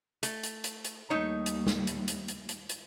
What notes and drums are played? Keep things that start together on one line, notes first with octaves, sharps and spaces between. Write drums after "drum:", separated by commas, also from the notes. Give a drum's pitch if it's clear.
A3, drum: hi-hat
drum: hi-hat
drum: hi-hat
drum: hi-hat
D#2 G3 A3 D#4 C#5
drum: hi-hat
drum: snare
drum: hi-hat
drum: hi-hat
drum: hi-hat
drum: hi-hat
drum: hi-hat